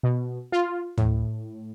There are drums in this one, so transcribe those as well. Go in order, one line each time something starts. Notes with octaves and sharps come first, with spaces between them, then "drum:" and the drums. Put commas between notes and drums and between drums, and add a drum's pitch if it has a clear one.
B2
F4
A2, drum: tom D2